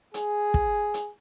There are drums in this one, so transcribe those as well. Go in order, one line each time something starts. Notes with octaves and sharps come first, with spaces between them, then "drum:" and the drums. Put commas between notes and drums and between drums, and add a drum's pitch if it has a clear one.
G#4, drum: hi-hat
drum: kick
drum: hi-hat